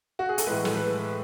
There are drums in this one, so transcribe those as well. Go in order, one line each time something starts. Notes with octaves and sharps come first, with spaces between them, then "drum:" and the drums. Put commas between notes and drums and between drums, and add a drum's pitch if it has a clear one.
F#4
G#4
A4, drum: hi-hat
A2 E3 G#3 B4
A4, drum: snare
B4